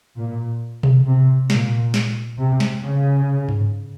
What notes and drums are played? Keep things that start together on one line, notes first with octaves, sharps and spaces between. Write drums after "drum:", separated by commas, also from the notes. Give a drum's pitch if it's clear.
A#2
drum: tom B2
C3
A#2, drum: snare
drum: snare
C3
drum: snare
C#3
drum: tom G2